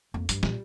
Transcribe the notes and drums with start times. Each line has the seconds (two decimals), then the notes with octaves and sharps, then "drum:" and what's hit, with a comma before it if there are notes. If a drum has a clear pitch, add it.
0.14 F2 A#3
0.29 G2 G3, drum: hi-hat
0.43 A#2 G3, drum: snare